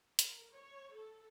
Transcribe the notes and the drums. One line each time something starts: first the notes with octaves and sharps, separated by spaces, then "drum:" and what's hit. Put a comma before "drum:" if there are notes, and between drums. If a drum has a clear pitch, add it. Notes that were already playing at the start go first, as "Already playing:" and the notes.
A#4, drum: hi-hat
C#5
A4